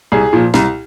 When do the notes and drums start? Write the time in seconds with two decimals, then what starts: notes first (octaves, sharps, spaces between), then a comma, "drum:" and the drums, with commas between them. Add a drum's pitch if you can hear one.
0.12 C2 G#4
0.33 A#2 F3
0.54 C2, drum: snare